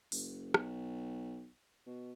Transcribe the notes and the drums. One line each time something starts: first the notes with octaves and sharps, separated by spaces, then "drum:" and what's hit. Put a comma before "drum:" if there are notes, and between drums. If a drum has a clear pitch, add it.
F#1, drum: open hi-hat
B1, drum: rim click
B2